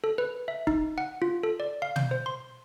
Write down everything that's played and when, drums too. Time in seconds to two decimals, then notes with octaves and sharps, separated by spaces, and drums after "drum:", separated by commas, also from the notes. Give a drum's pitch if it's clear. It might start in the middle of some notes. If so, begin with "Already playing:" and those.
0.04 A4
0.18 B4
0.48 E5
0.67 D#4, drum: kick
0.98 F#5
1.22 F4
1.43 A4
1.60 D5
1.82 F5
1.96 G6, drum: tom
2.11 C5
2.26 C6